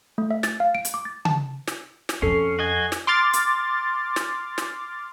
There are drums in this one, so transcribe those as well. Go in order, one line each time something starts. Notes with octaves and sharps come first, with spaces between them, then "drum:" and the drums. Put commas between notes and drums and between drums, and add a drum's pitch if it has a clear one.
A3
E5
A6, drum: snare
F5
D7
drum: hi-hat
D6
A6
A5, drum: tom C#3
drum: snare
drum: snare
F2 C#4 A4 C7
F#4 D#5 G#5
drum: snare
C6 D6 F6 A6
drum: hi-hat
drum: snare
drum: snare